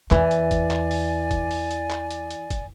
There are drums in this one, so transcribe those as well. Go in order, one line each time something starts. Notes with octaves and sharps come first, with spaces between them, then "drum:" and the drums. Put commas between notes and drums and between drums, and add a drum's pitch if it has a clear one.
E2 E3 D5 G#5, drum: clap
drum: hi-hat
drum: kick, hi-hat
drum: clap
drum: open hi-hat
drum: kick, hi-hat
drum: open hi-hat
drum: hi-hat
drum: clap
drum: hi-hat
drum: hi-hat
drum: kick, hi-hat